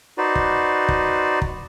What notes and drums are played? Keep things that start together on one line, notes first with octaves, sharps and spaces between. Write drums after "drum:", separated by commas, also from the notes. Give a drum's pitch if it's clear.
D#4 F#4 B4 C5 D5
drum: kick
drum: kick
drum: kick